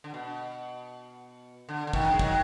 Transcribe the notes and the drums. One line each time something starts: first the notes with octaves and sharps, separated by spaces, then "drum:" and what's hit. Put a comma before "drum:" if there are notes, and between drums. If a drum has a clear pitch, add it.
D3
B2
D3
D3
B2 D#3, drum: kick
G#3
D#3 F#3, drum: kick